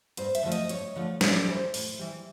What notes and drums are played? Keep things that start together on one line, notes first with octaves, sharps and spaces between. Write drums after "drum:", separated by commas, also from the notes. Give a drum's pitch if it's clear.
G2 C5, drum: hi-hat
E5, drum: hi-hat
D3 F3 A3
D#5, drum: hi-hat
G2 C#5, drum: hi-hat
D3 F3 A3
A2 D5, drum: snare
E3 G3 C5
A2, drum: open hi-hat
E3 G3